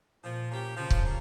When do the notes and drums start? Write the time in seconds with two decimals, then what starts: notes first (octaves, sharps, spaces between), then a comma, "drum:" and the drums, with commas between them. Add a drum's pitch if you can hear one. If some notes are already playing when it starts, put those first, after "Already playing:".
0.24 A#2 F3
0.50 A#3 C#4 G4
0.77 C#3 F3
0.90 drum: kick
1.04 A#3 C#4